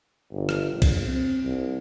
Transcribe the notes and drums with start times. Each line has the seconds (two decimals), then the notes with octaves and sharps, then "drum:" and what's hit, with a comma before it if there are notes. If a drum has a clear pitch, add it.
0.32 G1
0.49 drum: rim click
0.73 A#1
0.82 drum: kick, cymbal
1.07 C4
1.44 C2